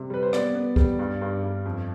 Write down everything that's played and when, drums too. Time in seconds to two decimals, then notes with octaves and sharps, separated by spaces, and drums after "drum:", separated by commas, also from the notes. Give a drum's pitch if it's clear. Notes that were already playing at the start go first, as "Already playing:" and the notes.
Already playing: C3 G3
0.10 G3 B4
0.23 C5
0.33 B3 D5, drum: rim click
0.55 B3
0.76 G3, drum: kick C2
0.99 G2
1.21 G2
1.43 G2
1.66 F2